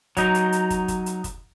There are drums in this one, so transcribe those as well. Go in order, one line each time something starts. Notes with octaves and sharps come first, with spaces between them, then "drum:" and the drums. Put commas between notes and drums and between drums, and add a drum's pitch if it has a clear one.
F#3 D#4, drum: kick, hi-hat
drum: hi-hat
drum: hi-hat
drum: kick, hi-hat
drum: kick, hi-hat
drum: hi-hat
drum: kick, hi-hat